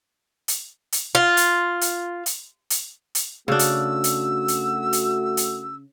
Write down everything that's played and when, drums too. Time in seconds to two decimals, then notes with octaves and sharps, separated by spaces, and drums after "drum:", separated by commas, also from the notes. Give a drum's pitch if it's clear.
0.48 drum: hi-hat
0.92 drum: hi-hat
1.15 F4
1.37 drum: hi-hat
1.81 drum: hi-hat
2.26 drum: hi-hat
2.70 drum: hi-hat
3.15 drum: hi-hat
3.48 C#3 A3 D4 F#4 E6
3.59 drum: hi-hat
4.04 drum: hi-hat
4.48 drum: hi-hat
4.93 drum: hi-hat
5.37 drum: hi-hat